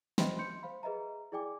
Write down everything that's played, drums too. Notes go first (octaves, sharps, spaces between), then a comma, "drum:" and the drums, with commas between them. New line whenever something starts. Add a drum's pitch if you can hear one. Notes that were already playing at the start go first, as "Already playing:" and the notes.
C5 D#5 E5 G5 B5 C6, drum: snare
C6 G6 C#7
C5 F5 B5
G#4 B4 D#5 E5 A#5
E4 G#4 D5 G5 G#5 D6